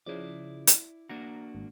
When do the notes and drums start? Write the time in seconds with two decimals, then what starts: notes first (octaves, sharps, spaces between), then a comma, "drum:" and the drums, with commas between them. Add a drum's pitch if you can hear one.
0.06 C#3 F3 E4 D5
0.67 drum: hi-hat
1.09 A#3 D4 F#4 A#5
1.55 G#1